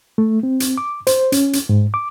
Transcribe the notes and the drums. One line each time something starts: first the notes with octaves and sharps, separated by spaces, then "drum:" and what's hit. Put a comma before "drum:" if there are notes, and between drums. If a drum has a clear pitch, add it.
A3
C4
drum: hi-hat
D6
C5, drum: hi-hat
C#4, drum: hi-hat
drum: hi-hat
G#2
D6